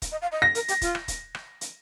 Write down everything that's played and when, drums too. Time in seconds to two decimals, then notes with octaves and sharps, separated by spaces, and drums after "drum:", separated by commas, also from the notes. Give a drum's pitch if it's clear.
0.02 drum: kick, hi-hat
0.12 D#5
0.22 F5
0.32 D#5
0.42 A#6
0.55 A#4, drum: hi-hat
0.68 G4, drum: hi-hat
0.81 F4, drum: kick, hi-hat
0.95 drum: rim click
1.08 drum: kick, hi-hat
1.35 drum: rim click
1.61 drum: hi-hat